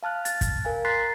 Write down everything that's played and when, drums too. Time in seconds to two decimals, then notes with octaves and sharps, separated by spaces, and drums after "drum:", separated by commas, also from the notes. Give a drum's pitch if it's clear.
0.03 F5 A5 F6 F#6
0.25 A6, drum: hi-hat
0.41 drum: kick, hi-hat
0.65 A#4 F5 G#5
0.85 A#5 C6 F#6 A6 B6 C7